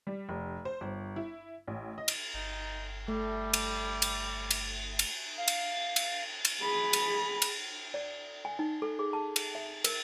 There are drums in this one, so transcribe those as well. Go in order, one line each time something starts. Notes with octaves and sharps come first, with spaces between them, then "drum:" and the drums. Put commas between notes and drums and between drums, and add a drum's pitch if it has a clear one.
G3
F1
C5
G1
E4
A1
D#5
drum: cymbal
G1 D#4
G3 A3
drum: cymbal
drum: cymbal
drum: cymbal
drum: cymbal
F5
drum: cymbal
drum: cymbal
drum: cymbal
G#4 B5
drum: cymbal
drum: cymbal
D5
G#5
D#4
A4
G#4
A5
drum: cymbal
E5
A#4, drum: cymbal